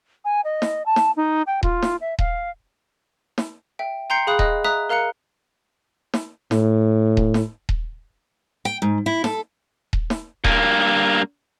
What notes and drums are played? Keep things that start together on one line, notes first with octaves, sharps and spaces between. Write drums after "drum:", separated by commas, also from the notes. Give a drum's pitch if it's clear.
G#5
D#5
drum: snare
A5
drum: snare
D#4
G5
F4, drum: kick D#1
drum: snare
E5
F5, drum: kick D#1
drum: snare
E5 G5
G5 A#5 C6 G6 C7 C#7
G#4 F5 B5 D#6 F#6
D#5 D#6 F#6, drum: kick D#1
E5 A#5 D#6 F#6 B6
A#4 F5 A#5 F#6 C#7
drum: snare
A2, drum: snare
drum: kick D#1
drum: snare
drum: kick D#1
G5
G#2
E4
A4, drum: snare
drum: kick D#1
drum: snare
G2 A#3, drum: kick D#1